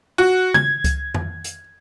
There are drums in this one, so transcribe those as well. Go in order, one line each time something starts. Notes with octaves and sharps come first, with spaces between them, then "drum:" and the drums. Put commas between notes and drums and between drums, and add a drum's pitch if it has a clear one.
F#4
G#6, drum: tom C#3
drum: kick C#2, hi-hat
drum: tom F2
drum: hi-hat